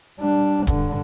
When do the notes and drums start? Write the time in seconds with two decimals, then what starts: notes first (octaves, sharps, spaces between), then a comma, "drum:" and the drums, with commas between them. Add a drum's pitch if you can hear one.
0.19 G3 D4
0.67 G2 D3, drum: kick D1, hi-hat